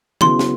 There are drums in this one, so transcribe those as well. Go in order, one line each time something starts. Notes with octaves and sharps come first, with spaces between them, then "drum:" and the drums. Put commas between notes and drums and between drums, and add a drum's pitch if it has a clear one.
C#3 F#3 B3 E4 C6, drum: tom D#3
drum: snare